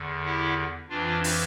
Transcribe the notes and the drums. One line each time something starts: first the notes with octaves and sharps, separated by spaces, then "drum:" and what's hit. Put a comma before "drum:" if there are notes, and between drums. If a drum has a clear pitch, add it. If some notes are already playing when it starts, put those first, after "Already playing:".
Already playing: E2 D3
E4 G4
F2 E3 D4 F4
drum: open hi-hat